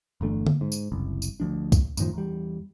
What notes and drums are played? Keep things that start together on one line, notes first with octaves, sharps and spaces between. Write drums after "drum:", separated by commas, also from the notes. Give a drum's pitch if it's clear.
G1 E2 A3 D4
drum: tom D3
G#2
drum: tambourine
F#1 C2
drum: tambourine
D2 F3 D4
drum: kick, tambourine
F#2 A2 D#3 F3, drum: tambourine
E2 G3